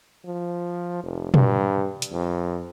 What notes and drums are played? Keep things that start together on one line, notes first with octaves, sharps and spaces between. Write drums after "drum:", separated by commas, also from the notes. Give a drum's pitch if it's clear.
F3
F1
G2, drum: tom
drum: hi-hat
F2